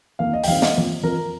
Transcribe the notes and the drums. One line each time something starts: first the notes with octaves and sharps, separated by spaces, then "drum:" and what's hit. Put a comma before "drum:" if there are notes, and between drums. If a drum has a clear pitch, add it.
F2 D#3 A#3 F5
D#5
G5, drum: open hi-hat
F2 D#3 G3 C4 F5
D#5, drum: snare
F2 F3 A#3
F2 F3 C4 A#4